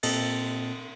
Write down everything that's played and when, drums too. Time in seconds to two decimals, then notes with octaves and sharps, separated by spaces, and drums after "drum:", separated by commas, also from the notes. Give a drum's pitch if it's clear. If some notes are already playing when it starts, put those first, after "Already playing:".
0.03 A#2 C4 A4 D#5 A6, drum: cymbal